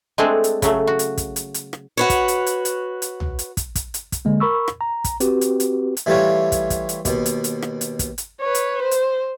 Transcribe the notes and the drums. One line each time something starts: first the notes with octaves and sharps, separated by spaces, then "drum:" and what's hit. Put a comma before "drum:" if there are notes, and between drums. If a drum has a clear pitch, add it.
G#3 A3 C4 D4 G#4 A4
drum: hi-hat
C#3 F#3 A3, drum: kick, hi-hat
F#4
drum: hi-hat
drum: kick, hi-hat
drum: hi-hat
drum: hi-hat
drum: rim click
F#4 B4 C#5
drum: kick, hi-hat
drum: hi-hat
drum: hi-hat
drum: hi-hat
drum: hi-hat
drum: tom B1
drum: hi-hat
drum: kick, hi-hat
drum: kick, hi-hat
drum: hi-hat
drum: kick, hi-hat
D3 G#3 A#3
A#4 B5 C#6 E6
drum: rim click
A#5
drum: kick, hi-hat
C4 F#4 G4 B4, drum: hi-hat
drum: hi-hat
drum: hi-hat
drum: hi-hat
E3 G3 A3 F4 G4 C#5
drum: kick, hi-hat
drum: kick, hi-hat
drum: hi-hat
D#2 B2, drum: kick, hi-hat
drum: hi-hat
drum: hi-hat
drum: rim click
drum: hi-hat
drum: kick, hi-hat
drum: hi-hat
B4 C#5
drum: hi-hat
C5
drum: hi-hat